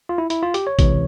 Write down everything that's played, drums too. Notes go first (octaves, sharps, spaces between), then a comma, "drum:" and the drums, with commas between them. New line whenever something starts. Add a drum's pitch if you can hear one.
F4
E4
E4, drum: hi-hat
F4
G4, drum: hi-hat
C#5
C#2 C3 E3, drum: kick, hi-hat